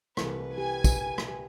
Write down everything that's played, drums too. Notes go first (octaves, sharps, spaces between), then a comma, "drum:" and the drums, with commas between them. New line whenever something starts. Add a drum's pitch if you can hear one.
C2 E3 A3 B4, drum: rim click
G4 G#5
drum: kick, tambourine
drum: rim click